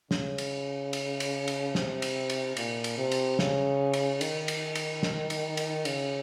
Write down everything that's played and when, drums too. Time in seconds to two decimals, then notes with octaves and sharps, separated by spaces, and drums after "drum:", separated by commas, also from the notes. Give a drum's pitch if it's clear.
0.11 C#3, drum: snare
0.38 drum: cymbal
0.93 drum: cymbal
1.20 drum: cymbal
1.48 drum: cymbal
1.75 C3, drum: snare
2.02 drum: cymbal
2.30 drum: cymbal
2.57 A#2, drum: cymbal
2.84 drum: cymbal
2.97 C3
3.11 drum: cymbal
3.39 C#3, drum: snare
3.93 drum: cymbal
4.21 D#3, drum: cymbal
4.48 drum: cymbal
4.75 drum: cymbal
5.03 drum: snare
5.30 drum: cymbal
5.57 drum: cymbal
5.85 C#3, drum: cymbal